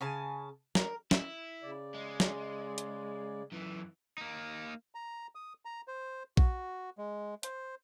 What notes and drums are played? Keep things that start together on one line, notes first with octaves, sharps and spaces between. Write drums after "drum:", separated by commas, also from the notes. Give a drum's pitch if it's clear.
C#3 G#5 A5
A#4, drum: snare
E4, drum: snare
C#3 D5
G#3
drum: snare
drum: hi-hat
F#2 E3
A#3 D#4
A#5
D#6
A#5
C5
F#4, drum: kick A#1
G#3
C5, drum: hi-hat